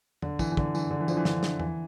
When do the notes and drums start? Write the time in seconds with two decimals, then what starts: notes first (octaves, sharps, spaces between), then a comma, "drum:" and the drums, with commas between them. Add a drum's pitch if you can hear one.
0.22 D3, drum: tom E2
0.39 E3, drum: kick, tambourine
0.52 E3
0.57 D3, drum: kick
0.75 E3, drum: tambourine
0.91 D3
1.00 E3
1.08 D3 F3, drum: tambourine
1.17 E3
1.25 D3 F3, drum: snare
1.43 drum: snare
1.60 E3, drum: tom E2